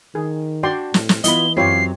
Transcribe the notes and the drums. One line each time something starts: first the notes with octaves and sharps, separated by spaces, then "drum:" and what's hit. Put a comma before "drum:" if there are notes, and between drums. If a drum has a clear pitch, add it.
D#3 G#4
D4 F#4 D5 G5 C6
A2, drum: snare
drum: snare
E3 B3 E4 F4 D#5 B5 G7, drum: hi-hat
F#2 F#3 C4 F4 G4 C#5 C7